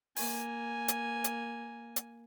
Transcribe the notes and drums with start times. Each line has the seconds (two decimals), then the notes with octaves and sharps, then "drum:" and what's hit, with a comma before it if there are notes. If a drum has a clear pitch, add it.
0.16 A#3 G#5, drum: open hi-hat
0.88 drum: hi-hat
1.24 drum: hi-hat
1.96 drum: hi-hat